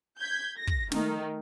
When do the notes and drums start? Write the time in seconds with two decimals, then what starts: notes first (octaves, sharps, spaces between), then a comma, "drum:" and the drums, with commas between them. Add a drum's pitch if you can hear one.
0.21 G6 G#6 B6
0.58 A#6
0.67 drum: kick
0.92 D#3 A3 D#4, drum: snare